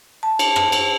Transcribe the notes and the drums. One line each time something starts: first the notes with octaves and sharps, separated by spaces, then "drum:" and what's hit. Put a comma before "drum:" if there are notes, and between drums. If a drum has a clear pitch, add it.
A5
drum: cymbal
drum: rim click
drum: cymbal